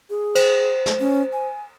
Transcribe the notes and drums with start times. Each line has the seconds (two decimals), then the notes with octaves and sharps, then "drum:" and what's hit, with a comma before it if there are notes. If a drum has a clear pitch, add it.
0.10 G#4
0.35 C5, drum: cymbal
0.86 drum: snare
1.00 C#4
1.33 G#5